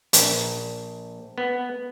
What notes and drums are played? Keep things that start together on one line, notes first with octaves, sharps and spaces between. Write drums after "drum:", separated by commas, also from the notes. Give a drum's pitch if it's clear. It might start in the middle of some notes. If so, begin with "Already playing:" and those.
A#1, drum: hi-hat
B3